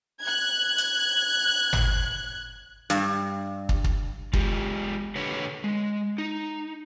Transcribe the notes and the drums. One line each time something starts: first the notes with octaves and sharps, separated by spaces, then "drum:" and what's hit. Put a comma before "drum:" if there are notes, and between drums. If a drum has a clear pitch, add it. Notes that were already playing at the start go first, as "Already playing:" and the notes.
F#6 G#6
drum: hi-hat
drum: tom G#1
G2, drum: hi-hat
drum: kick
drum: kick
G#3 F4 G4, drum: kick
D3 B4 C#5
G#3
D#4